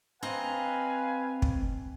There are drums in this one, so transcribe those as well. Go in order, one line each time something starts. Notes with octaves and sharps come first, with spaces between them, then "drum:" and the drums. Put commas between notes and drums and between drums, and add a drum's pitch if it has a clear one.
C4 B4 D#5 F5 G#5 A#5
drum: kick